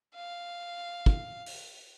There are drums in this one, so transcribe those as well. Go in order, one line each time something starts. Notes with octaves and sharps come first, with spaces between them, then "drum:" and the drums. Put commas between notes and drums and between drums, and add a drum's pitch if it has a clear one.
F5
drum: kick
drum: open hi-hat